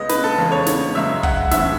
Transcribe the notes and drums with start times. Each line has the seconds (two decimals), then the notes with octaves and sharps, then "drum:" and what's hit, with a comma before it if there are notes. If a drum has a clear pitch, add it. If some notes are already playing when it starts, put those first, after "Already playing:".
Already playing: C#2 C#3 G#3 B3 D#5
0.09 B4, drum: snare
0.24 A4
0.38 E2 C#3 G#3 B3
0.52 C#5
0.66 drum: snare
0.95 F#2 C#3 G#3 E5
1.23 F#5, drum: kick
1.51 A2 E3 G#3 E5, drum: snare